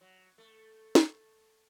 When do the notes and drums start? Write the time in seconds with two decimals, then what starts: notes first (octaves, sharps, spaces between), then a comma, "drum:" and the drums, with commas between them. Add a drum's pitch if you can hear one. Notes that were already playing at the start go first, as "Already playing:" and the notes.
0.01 F#3
0.38 A3
0.95 drum: snare